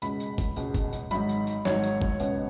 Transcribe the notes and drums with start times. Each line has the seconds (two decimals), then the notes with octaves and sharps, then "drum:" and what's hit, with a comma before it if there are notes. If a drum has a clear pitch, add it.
0.02 C#2 B2 G#3 B5, drum: tambourine
0.20 drum: tambourine
0.38 drum: kick, tambourine
0.56 C#2 B2 G#3, drum: tambourine
0.74 drum: kick, tambourine
0.93 drum: tambourine
1.11 G#1 G#2 F#3 D#4 B5, drum: tambourine
1.29 drum: tambourine
1.47 drum: tambourine
1.65 G#1 G#2 F#3 D#4 C#5, drum: snare
1.83 drum: tambourine
2.02 drum: kick
2.20 C#2 B2 B3, drum: tambourine